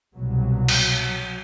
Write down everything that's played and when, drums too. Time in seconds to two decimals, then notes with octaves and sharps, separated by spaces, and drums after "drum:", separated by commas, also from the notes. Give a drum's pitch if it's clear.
0.14 C2 B2 F#3
0.68 drum: cymbal